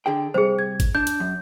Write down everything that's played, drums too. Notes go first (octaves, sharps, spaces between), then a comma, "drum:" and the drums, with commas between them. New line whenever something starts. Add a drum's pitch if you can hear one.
D3 G#4 G5
C3 G3 G#4 C5
G#6
drum: kick G#1, hi-hat
D4 G6
drum: hi-hat
F#2